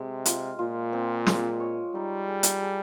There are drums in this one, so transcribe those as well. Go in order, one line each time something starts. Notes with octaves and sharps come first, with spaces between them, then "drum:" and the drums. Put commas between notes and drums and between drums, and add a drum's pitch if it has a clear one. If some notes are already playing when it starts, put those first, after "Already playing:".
Already playing: C3 G#3
F4, drum: hi-hat
A#2 F4
C4
G#3, drum: snare
C#5
G3 D#4
G#4
drum: hi-hat
G#4